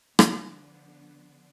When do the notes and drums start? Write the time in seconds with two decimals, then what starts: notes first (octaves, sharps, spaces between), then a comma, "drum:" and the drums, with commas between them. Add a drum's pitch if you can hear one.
0.19 D3 F3 B3 D4, drum: rim click